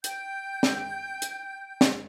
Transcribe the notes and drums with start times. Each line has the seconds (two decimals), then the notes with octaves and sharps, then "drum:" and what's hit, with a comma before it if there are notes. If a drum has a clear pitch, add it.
0.04 G5 G6, drum: hi-hat
0.63 drum: snare
1.22 drum: hi-hat
1.81 drum: snare